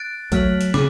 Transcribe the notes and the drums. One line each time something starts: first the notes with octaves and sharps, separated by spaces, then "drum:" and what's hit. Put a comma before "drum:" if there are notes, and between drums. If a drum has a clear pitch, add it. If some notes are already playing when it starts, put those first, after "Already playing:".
Already playing: F#6 A6 D7
F#3 A3 F6 B6 F#7, drum: kick A#1, hi-hat
drum: hi-hat
C#3 D6, drum: snare